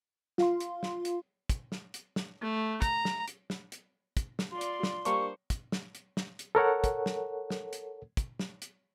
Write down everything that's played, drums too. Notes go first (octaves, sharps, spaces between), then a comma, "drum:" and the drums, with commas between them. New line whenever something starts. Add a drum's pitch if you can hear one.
F4 F5 C6, drum: snare
drum: hi-hat
drum: snare
drum: hi-hat
drum: kick, hi-hat
drum: snare
drum: hi-hat
drum: snare
A3
A#5, drum: kick, hi-hat
drum: snare
drum: hi-hat
drum: snare
drum: hi-hat
drum: kick, hi-hat
drum: snare
F4 D5 C6
drum: hi-hat
drum: snare
G3 A#3 D4 C5 C#6, drum: hi-hat
drum: kick, hi-hat
drum: snare
drum: hi-hat
drum: snare
drum: hi-hat
A4 A#4 C#5 F#5
drum: kick, hi-hat
drum: snare
drum: snare
drum: hi-hat
drum: kick, hi-hat
drum: snare
drum: hi-hat